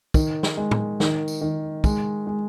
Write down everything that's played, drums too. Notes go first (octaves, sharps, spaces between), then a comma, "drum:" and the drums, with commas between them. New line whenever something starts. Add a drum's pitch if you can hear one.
D#3, drum: kick, tambourine
drum: snare
G#3
drum: tom A2
D#3, drum: snare
drum: tambourine
D#3
G#3, drum: kick, tambourine
G#3